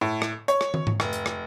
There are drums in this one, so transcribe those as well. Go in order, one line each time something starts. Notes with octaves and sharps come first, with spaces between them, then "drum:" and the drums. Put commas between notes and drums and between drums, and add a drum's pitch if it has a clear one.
A2
drum: rim click
C#5, drum: hi-hat
drum: rim click
drum: tom
drum: tom G#2
F1, drum: rim click
drum: hi-hat
drum: rim click